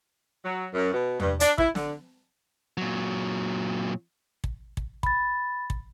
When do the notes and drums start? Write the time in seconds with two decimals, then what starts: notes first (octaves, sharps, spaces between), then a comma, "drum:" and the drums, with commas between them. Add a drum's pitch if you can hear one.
0.45 F#3
0.74 F#2
0.94 B2
1.20 G2, drum: tom E2
1.40 D4, drum: hi-hat
1.58 E4, drum: kick
1.75 D3, drum: snare
2.78 A#2 F#3
4.44 drum: kick
4.77 drum: kick
5.03 B5 A6, drum: kick
5.70 drum: kick